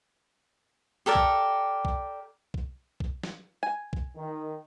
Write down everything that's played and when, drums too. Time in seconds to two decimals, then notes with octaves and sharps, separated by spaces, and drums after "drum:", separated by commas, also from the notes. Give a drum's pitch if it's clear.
1.06 G4 A4 A#4 D5
1.15 drum: kick B1
1.85 drum: kick B1
2.54 drum: kick B1
3.00 drum: kick B1
3.23 drum: snare
3.63 G#5
3.93 drum: kick B1
4.16 D#3